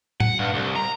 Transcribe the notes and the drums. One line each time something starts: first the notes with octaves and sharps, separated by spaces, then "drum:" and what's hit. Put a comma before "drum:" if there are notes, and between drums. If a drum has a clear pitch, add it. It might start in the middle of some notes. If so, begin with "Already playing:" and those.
F#5, drum: tom A2
G2
C2
A#5